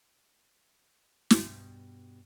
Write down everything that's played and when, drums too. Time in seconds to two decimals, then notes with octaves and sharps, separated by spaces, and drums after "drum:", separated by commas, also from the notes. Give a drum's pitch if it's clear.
1.30 G2 B2, drum: snare